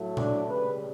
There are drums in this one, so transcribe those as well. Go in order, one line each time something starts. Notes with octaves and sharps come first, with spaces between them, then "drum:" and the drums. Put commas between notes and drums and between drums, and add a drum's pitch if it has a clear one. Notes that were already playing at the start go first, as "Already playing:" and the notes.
Already playing: A2 F#3 A3
D4, drum: tom A#2
C#3 G3 B4